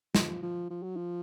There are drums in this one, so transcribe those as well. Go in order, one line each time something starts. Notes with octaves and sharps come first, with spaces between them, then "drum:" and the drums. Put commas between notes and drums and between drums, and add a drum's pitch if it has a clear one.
F3, drum: snare
F3
F3
F#3
F3